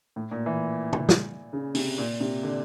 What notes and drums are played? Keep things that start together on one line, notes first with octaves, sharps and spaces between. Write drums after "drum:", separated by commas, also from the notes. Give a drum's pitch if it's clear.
A2
A#2
E3
drum: tom
drum: snare
C#3
C3, drum: open hi-hat
A#2
C3
D3